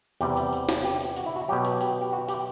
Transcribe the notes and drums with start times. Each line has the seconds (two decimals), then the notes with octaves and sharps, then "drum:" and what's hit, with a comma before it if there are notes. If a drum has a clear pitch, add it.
0.21 E2 C3 G3 G4, drum: tambourine
0.37 drum: tambourine
0.53 drum: tambourine
0.69 drum: snare
0.85 G4, drum: tambourine
1.01 drum: tambourine
1.17 F#4, drum: tambourine
1.26 E4
1.36 F#4
1.48 B2 F#3 G4
1.65 drum: tambourine
1.81 G4, drum: tambourine
2.02 G4
2.13 F#4
2.28 G4, drum: tambourine